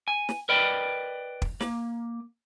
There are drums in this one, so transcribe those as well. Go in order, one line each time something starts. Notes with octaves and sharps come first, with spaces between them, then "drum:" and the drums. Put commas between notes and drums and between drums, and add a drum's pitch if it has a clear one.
G#5
drum: snare
A#4 B4 D5 D#5 G5 B5
drum: kick
A#3, drum: snare